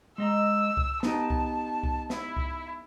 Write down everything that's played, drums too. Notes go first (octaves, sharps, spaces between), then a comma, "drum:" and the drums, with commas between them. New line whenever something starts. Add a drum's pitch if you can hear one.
G#3 D#5 A#5 E6
drum: kick C2
B3 D#4 G4 A5, drum: snare
drum: kick C2
drum: kick C2
E4, drum: snare
drum: kick C2